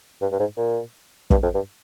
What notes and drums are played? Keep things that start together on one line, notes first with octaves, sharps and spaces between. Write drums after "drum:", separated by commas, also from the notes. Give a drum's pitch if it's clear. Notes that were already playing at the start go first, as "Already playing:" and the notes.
G2
G2
G#2
A#2
G2, drum: kick
F2
G2